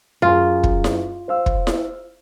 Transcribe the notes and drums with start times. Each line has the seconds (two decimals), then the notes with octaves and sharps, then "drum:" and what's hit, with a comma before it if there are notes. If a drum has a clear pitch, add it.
0.22 F#2 F4 G#4
0.64 drum: kick
0.84 drum: snare E4
1.28 C5 F5 E6
1.46 drum: kick
1.67 drum: snare E4